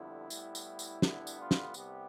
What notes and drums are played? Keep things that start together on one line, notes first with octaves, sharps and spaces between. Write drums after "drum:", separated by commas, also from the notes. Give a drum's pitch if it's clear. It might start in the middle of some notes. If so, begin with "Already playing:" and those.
Already playing: F2 D3 G3 B3 E4
A2 G3 B3, drum: tambourine
drum: tambourine
drum: tambourine
D2 D3 G3 B3 E4, drum: snare
drum: tambourine
F4
drum: snare
C2 C3 G3 B3 G4, drum: tambourine